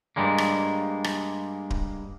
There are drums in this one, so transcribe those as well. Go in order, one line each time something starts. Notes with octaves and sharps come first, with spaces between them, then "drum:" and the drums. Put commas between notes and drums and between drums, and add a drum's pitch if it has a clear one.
G2 G3 G#3 A#3
drum: rim click
drum: rim click
drum: kick D1